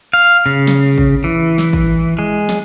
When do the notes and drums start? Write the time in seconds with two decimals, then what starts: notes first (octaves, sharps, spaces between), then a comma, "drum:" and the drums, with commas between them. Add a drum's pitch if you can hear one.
0.13 F5
0.46 C#3
0.67 drum: snare
0.98 drum: kick
1.24 E3
1.58 drum: snare
1.73 drum: kick
2.19 G#3
2.49 drum: snare